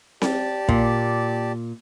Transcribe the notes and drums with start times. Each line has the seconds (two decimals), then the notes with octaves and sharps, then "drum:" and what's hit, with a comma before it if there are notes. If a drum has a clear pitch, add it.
0.22 G4 D5 A5, drum: snare C4
0.69 A#2, drum: kick